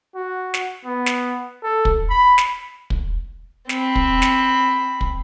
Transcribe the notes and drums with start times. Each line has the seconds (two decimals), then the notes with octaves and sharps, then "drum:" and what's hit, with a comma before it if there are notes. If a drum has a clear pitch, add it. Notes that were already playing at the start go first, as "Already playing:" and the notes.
0.15 F#4
0.54 drum: snare
0.85 B3
1.06 drum: snare
1.63 A4
1.85 drum: kick
2.10 B5
2.38 drum: snare
2.90 drum: kick
3.69 C4 B5, drum: snare
3.95 drum: kick
4.22 drum: snare
5.01 drum: kick